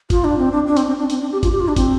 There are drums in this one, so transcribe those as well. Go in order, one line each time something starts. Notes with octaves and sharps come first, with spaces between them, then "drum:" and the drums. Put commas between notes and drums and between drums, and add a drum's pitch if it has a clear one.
F4, drum: kick, hi-hat
D4
C4
D4
D4
C4, drum: hi-hat
C4
D4
C4, drum: hi-hat
D4
G4
F4, drum: kick, hi-hat
G4
F4
D4
C4, drum: kick, hi-hat